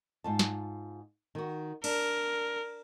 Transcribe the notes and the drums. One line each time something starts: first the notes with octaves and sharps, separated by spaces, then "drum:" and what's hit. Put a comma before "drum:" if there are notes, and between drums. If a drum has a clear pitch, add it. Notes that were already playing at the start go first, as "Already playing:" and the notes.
G#2 F4 A5
drum: snare
D#3 F#4
D4 A#4, drum: cymbal